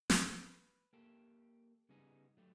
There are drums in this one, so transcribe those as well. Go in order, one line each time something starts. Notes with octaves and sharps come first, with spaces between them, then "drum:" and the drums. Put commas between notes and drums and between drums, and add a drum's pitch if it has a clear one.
B4, drum: snare
A#3 G4 A4
C#3 G3 B3 D#4 G#4
F#3 A3 G4